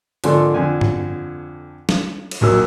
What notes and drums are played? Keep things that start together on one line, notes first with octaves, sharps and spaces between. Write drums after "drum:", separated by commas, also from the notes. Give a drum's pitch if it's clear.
G#1 D3 F3 D4 A4 C6, drum: hi-hat
F2 D3 G#5
drum: tom G2
drum: snare
drum: cymbal
A#1 D#2 F#3 E6